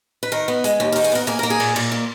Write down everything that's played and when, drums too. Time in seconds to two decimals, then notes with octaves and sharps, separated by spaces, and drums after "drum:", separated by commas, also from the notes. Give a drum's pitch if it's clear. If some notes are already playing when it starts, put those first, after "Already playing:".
0.23 B4
0.32 D#3 A#4
0.48 B3
0.64 G#3, drum: hi-hat
0.80 D#2 G4
0.92 A#4
0.96 D#3, drum: open hi-hat
1.04 G#4
1.12 B3 A#4
1.27 A#3 G#4
1.39 A#3 A#4
1.50 G#4
1.60 A#2, drum: cymbal
1.76 A#2, drum: cymbal
1.92 A#3